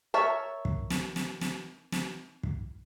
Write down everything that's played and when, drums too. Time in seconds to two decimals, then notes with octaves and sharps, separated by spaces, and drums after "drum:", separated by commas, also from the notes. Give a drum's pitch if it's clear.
0.14 A#4 C#5 E5 A5
0.65 drum: kick
0.90 drum: snare
1.16 drum: snare
1.41 drum: snare
1.92 drum: snare
2.43 drum: kick